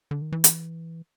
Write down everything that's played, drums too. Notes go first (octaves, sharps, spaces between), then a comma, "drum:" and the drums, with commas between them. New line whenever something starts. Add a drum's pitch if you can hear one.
D3
D#3
E3
drum: hi-hat